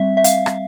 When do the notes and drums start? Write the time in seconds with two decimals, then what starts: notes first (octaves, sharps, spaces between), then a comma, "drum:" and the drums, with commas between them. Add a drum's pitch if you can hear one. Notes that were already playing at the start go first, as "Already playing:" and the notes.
Already playing: G3 C4 E5
0.17 E5
0.24 F5, drum: hi-hat
0.46 drum: rim click